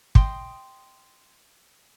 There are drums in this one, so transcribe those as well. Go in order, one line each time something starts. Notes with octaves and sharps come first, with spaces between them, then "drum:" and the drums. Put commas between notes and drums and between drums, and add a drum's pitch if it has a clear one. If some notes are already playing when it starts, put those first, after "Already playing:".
D#5 G5 C6 D#6, drum: kick